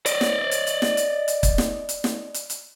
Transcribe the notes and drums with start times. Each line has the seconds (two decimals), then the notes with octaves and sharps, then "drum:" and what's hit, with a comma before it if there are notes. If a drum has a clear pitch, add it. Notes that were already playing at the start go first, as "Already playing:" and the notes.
0.06 D5 D#5, drum: hi-hat
0.21 drum: snare
0.51 drum: hi-hat
0.67 drum: hi-hat
0.82 drum: snare
0.97 drum: hi-hat
1.28 drum: hi-hat
1.43 drum: kick, hi-hat
1.58 drum: snare
1.89 drum: hi-hat
2.04 drum: snare
2.34 drum: hi-hat
2.50 drum: hi-hat